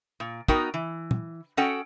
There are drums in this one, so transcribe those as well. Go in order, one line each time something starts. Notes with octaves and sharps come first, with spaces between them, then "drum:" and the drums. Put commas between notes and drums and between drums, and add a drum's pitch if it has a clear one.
A#2
B3 D#4 F#4 A#4 D#5 G5, drum: kick
E3
drum: tom
C#4 F#4 A4 D#5 F#5 G5